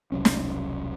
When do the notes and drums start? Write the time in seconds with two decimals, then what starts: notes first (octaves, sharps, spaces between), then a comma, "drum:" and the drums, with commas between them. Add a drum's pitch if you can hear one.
0.12 E1 C2 F#3 C#4
0.25 drum: snare